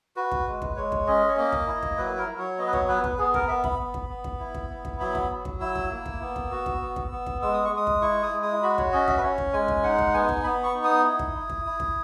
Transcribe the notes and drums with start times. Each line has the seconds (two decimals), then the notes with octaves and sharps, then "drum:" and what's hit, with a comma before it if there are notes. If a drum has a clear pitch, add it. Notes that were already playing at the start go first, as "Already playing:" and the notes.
0.16 F#4 B4
0.32 drum: kick
0.47 G#3
0.62 drum: kick
0.76 G#3 C#5
0.92 drum: kick
1.07 C#4 D#5
1.28 C#5
1.37 A#3 D#5
1.52 drum: kick
1.67 E4
1.83 drum: kick
1.97 F#3 B4
2.18 A#4
2.28 F#3
2.38 C#5
2.58 B3 D#5
2.67 B4
2.73 C#5, drum: kick
2.88 B3 B4
3.04 B4, drum: kick
3.18 B3 G#4
3.34 A#4, drum: kick
3.48 B3 E5
3.64 B5, drum: kick
3.79 B3
3.94 drum: kick
4.09 B3
4.24 drum: kick
4.39 E4
4.55 drum: kick
4.69 B3
4.85 drum: kick
5.00 F#3 B5
5.15 drum: kick
5.30 F#3
5.45 drum: kick
5.60 E4 E6
5.75 drum: kick
5.91 A#3
6.06 drum: kick
6.21 B3
6.36 drum: kick
6.52 F#4
6.66 drum: kick
6.81 B3
6.96 drum: kick
7.11 B3
7.27 drum: kick
7.42 G#3 E6
7.53 D#6
7.65 C#6
7.71 G#3
7.77 D#6
7.87 drum: kick
8.01 E4 C#6
8.23 D#6
8.32 G#3
8.43 D#6
8.62 F#4 B5
8.78 C#5, drum: kick
8.92 C#4 D#5
9.08 E5, drum: kick
9.18 B4
9.23 C#4 C#5
9.38 drum: kick
9.53 G#3 G#5
9.68 drum: kick
9.83 D#4 F#5
9.98 drum: kick
10.14 B3 G#5
10.29 drum: kick
10.43 B3 B5
10.64 C#6
10.74 D#4
10.84 D#6
11.04 E4
11.19 drum: kick
11.35 E4
11.50 drum: kick
11.65 E4
11.80 drum: kick